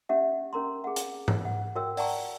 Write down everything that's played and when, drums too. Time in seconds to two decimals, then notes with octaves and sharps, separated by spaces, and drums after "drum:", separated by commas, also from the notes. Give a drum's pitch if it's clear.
0.09 C#4 G4 E5 F#5
0.53 C#4 A#4 A#5 C6
0.84 G#4 F#5
0.96 drum: hi-hat
1.28 drum: tom G#2
1.45 F#5
1.75 F#4 A#4 C#5 G5 E6
1.97 D5 F#5 G5 A5 A#5 C#6, drum: open hi-hat